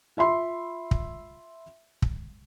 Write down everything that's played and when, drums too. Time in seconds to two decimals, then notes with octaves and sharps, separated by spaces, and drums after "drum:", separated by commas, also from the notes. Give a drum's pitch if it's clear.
0.17 F4 E5 B5 C6
0.91 drum: kick
2.02 drum: kick